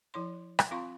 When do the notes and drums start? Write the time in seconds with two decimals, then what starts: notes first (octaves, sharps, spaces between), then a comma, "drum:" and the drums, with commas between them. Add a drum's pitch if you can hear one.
0.14 F3 E4 C#5 C6
0.59 drum: rim click
0.71 C4 F4 F5 C6 C#6